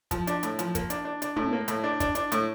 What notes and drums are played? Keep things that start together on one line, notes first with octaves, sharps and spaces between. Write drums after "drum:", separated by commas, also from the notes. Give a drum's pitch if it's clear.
F3, drum: kick, hi-hat
D4, drum: hi-hat
A2, drum: hi-hat
F3, drum: hi-hat
A#3, drum: kick, hi-hat
D4, drum: hi-hat
D4
D4, drum: hi-hat
A2, drum: tom
A#3
A2, drum: hi-hat
D4
D4, drum: kick, hi-hat
D4, drum: hi-hat
A2, drum: hi-hat